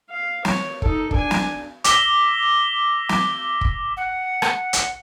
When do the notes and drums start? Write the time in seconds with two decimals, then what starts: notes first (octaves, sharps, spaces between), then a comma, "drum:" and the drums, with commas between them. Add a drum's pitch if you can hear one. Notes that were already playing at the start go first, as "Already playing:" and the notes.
0.10 F5
0.45 C#5, drum: snare
0.82 D#4 A4, drum: kick
1.11 D4 G#5, drum: kick
1.31 drum: snare
1.84 D6 E6 A#6 B6 E7 G7, drum: hi-hat
3.09 drum: snare
3.61 drum: kick
3.97 F#5
4.42 drum: rim click
4.73 drum: hi-hat